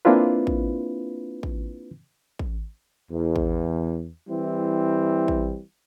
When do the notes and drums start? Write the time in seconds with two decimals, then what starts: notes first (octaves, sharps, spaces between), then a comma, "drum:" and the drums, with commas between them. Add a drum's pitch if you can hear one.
0.05 A#3 C4 D4 E4 F4 B4
0.47 drum: kick A1
1.43 drum: kick A1
2.39 drum: kick A1
3.12 E2
3.36 drum: kick A1
4.29 E3 G3 C4 E4
5.28 drum: kick A1